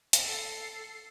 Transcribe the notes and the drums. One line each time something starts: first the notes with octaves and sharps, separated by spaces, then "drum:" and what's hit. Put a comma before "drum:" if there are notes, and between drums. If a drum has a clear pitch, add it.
drum: hi-hat
A4 C7